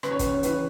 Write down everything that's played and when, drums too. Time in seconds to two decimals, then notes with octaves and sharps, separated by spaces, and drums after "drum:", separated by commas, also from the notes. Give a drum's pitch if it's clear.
0.03 C#3 B4, drum: rim click
0.11 C#5
0.19 C#3 B4, drum: kick, hi-hat
0.34 C#5
0.43 E3 B4, drum: hi-hat